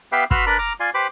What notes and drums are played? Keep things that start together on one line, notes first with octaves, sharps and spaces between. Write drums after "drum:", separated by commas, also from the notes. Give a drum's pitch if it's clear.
B3 G4 B4 E5 F5 G5
F#4 B4 B5 C6 E6 F6, drum: kick
D4 A#4 B4 D5 B5
A#5 D6 F6
F4 D5 G#5 C6
G4 B4 C5 B5 D6